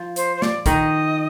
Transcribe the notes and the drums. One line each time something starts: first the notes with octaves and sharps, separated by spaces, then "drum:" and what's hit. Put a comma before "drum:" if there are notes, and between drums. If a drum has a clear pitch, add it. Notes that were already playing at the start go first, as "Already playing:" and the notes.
Already playing: F3
C5, drum: hi-hat
C5
D5, drum: snare
D#3 D#5, drum: kick A#1, hi-hat